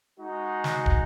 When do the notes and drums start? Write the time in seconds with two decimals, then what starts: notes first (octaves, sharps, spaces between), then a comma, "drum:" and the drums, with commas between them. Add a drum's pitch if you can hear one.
0.20 G#3 D#4 F#4
0.64 drum: snare
0.86 drum: kick